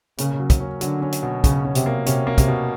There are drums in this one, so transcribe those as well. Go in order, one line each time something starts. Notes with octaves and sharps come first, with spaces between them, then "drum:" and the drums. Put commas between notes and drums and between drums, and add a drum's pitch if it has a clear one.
C#3 A#3, drum: hi-hat
F#3
drum: kick, hi-hat
C#4
D3 F#3, drum: hi-hat
C#4
drum: hi-hat
B2
C#3 C#4, drum: kick, hi-hat
C#4
C3, drum: hi-hat
A#3
C3 C#4, drum: hi-hat
A#3
C3, drum: kick, hi-hat
B2